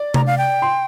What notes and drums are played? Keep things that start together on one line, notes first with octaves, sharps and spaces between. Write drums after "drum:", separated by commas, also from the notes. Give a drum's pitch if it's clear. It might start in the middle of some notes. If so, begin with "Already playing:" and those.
Already playing: D5
A#5, drum: tom C3
F5
G5
C6